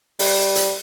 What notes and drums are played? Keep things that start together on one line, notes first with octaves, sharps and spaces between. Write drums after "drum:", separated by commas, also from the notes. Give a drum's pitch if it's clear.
G3, drum: open hi-hat
drum: hi-hat